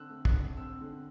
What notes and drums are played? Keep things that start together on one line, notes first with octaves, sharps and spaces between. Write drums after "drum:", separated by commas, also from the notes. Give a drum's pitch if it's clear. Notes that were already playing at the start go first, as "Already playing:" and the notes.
Already playing: D3 C4 E6 F#6
A3
F#6, drum: kick
D3
C4 E6
D3